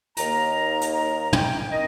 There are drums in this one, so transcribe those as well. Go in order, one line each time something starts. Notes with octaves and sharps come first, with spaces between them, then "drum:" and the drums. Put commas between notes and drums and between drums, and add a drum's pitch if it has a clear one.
D#2 D#3 A#3 A#5, drum: hi-hat
drum: hi-hat
A#5
G5, drum: tom
D#3 C4 D#5